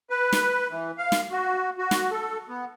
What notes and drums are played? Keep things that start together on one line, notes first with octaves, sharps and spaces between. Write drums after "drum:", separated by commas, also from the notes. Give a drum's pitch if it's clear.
B4
drum: snare
E3
F5
drum: snare
F#4
F#4
drum: snare
A4
B3